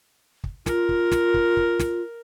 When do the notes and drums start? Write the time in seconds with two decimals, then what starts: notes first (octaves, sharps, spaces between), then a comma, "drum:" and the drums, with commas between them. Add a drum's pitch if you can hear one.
0.44 drum: kick
0.66 F4 A#4, drum: snare
0.89 drum: kick
1.12 drum: snare
1.34 drum: kick
1.57 drum: kick
1.80 drum: snare